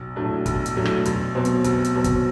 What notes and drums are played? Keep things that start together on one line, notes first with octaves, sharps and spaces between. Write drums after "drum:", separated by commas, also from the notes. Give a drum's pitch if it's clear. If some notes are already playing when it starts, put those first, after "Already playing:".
Already playing: B1
A2 F#3 A3 D4
B1, drum: kick, hi-hat
drum: hi-hat
A2 F#3 A3 D4
drum: rim click
B1, drum: hi-hat
B2 F#3 C4
drum: hi-hat
B1, drum: hi-hat
drum: hi-hat
B2 F#3 C4
drum: kick, hi-hat